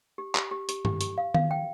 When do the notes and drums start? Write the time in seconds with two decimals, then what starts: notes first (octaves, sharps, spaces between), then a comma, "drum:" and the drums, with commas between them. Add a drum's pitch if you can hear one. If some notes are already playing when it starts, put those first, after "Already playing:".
0.18 G4
0.35 G4, drum: clap
0.51 G4
0.69 G4, drum: hi-hat
0.85 G4, drum: tom
1.01 G4, drum: hi-hat
1.18 F5
1.34 F5, drum: tom D#3
1.51 G5